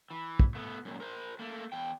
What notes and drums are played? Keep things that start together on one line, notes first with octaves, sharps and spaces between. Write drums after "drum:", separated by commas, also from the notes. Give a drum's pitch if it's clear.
E3
drum: kick
A3 B3
F#2 A#2
A#4 C5
A3 A#3
E2 G5